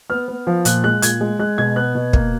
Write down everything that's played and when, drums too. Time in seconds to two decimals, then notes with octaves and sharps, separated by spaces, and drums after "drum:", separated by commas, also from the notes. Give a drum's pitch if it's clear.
0.10 B3 F6
0.28 B3
0.47 F3
0.65 A#2 F#6, drum: hi-hat
0.84 G#3 F#6
1.02 A#2 G#6, drum: hi-hat
1.21 G#3
1.39 G#3 F#6
1.58 B2 G#6
1.76 B3 F#6
1.95 B2
2.13 A#3, drum: kick